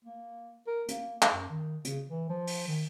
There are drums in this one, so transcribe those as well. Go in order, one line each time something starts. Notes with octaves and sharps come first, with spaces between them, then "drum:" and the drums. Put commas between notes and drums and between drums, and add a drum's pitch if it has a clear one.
A#3
A#4
A#3, drum: hi-hat
drum: clap
F#2
D#3
C#3, drum: hi-hat
E3
F3
drum: open hi-hat
D#3